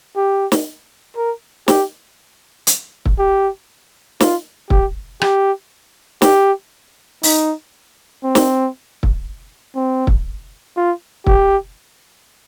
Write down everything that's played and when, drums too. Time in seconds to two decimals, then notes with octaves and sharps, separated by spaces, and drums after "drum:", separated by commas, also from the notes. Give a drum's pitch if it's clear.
0.16 G4
0.52 drum: snare
1.17 A#4
1.68 G4, drum: snare
2.67 drum: hi-hat
3.06 drum: kick
3.19 G4
4.20 F4, drum: snare
4.70 G4, drum: kick
5.21 G4, drum: rim click
6.22 G4, drum: snare
7.23 D#4, drum: open hi-hat
8.24 C4
8.35 drum: snare
9.03 drum: kick
9.75 C4
10.07 drum: kick
10.77 F4
11.27 G4, drum: kick